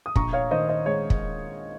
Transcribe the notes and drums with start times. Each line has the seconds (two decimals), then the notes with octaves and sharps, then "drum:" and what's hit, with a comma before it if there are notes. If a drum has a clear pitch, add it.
0.06 D#6
0.16 A#1 A#5 C#6, drum: kick
0.33 C#5 F5
0.51 D#3 C5 D#5
0.69 C5 D#5
0.86 G#3 C#5
1.10 drum: kick